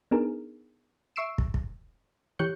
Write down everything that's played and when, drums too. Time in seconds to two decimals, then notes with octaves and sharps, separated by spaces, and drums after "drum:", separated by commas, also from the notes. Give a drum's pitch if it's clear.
0.11 B3 D4 D#4 G#4 A#4
1.16 E5 C#6 E6 C7 D7 E7
1.38 drum: kick
1.54 drum: kick
2.39 E3 G4 C#5 F#6 G6 C#7